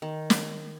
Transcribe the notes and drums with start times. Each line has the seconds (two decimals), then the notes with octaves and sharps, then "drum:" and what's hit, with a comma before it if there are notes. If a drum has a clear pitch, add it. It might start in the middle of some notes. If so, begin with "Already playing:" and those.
0.02 D#3
0.30 drum: snare